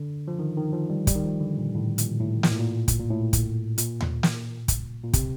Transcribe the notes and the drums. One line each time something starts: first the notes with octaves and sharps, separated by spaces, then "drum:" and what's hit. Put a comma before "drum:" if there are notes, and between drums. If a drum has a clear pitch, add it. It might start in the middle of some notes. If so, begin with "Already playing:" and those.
Already playing: D3
F3
D#3
D#3
F3
G3
G3, drum: kick, hi-hat
D#3
F3
D3
A#2
A2
A#2, drum: hi-hat
A2
A#2, drum: snare
A2
A#2
drum: kick, hi-hat
A#2
A2
drum: kick, hi-hat
A#2, drum: hi-hat
drum: tom D#2
drum: snare
drum: kick, hi-hat
A#2
C3, drum: kick, hi-hat